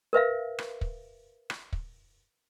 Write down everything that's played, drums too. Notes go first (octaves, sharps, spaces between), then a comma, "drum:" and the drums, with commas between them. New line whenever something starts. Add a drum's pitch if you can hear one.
A#4 B4 E5 F5
drum: rim click
drum: kick
drum: rim click
drum: kick